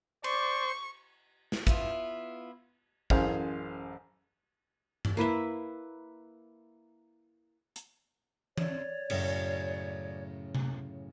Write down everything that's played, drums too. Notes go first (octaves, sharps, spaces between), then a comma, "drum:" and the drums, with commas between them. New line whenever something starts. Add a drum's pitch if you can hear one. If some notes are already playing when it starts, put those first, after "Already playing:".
C5 D5 C#6, drum: cymbal
drum: snare
B3 E4 F4, drum: kick
A1 F#2 G#4 C5 F5, drum: kick
drum: tom G2
A#3 E4 B4 E5
drum: hi-hat
C#5 D5, drum: tom E3
F#2 A2 C#3, drum: cymbal
drum: tom C3